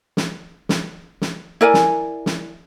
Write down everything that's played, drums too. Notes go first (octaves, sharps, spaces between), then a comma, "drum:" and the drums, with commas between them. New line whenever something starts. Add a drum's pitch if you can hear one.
drum: snare
drum: snare
drum: snare
E4 A#4 D5 G#5
drum: snare
drum: snare